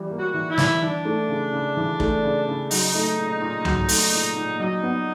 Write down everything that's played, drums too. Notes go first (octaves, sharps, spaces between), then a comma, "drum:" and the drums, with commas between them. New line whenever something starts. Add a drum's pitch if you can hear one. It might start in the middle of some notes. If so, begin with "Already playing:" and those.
Already playing: E3 G3
A#3
F#4
E3
E4
E3, drum: snare
E3 D4
A3
C#3
C#3
E3
A3, drum: kick
C#3
C#3
F#3 D#4, drum: open hi-hat
A3
A#2
A#2
F#3, drum: tom C2
A3, drum: open hi-hat
A#2
A#2
F#3 D#4
B3